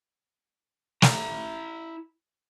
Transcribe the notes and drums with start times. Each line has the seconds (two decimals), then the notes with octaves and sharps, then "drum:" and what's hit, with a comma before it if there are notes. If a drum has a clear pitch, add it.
1.02 E4 A#5, drum: snare